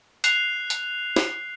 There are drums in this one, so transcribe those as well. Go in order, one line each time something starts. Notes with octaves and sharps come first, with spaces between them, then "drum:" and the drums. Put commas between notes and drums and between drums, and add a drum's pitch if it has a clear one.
F#6 C7 F7, drum: hi-hat
drum: hi-hat
drum: snare